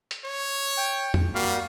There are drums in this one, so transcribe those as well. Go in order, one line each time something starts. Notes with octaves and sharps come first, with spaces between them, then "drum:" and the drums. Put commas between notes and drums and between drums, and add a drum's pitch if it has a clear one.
drum: hi-hat
C#5
G5
drum: tom
G3 A#3 F#4 F5